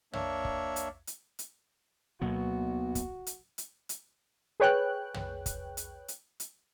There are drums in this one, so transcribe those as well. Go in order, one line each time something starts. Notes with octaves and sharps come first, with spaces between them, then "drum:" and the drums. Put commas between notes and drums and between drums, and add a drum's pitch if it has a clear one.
A#3 D4 C#5 E5, drum: tom
drum: kick
drum: hi-hat
drum: hi-hat
drum: hi-hat
D2 B2 F#3 A#3 B3 F#4
drum: kick, hi-hat
drum: hi-hat
drum: hi-hat
drum: hi-hat
G#4 B4 C#5 G5 F#6
drum: tom
drum: kick, hi-hat
drum: hi-hat
drum: hi-hat
drum: hi-hat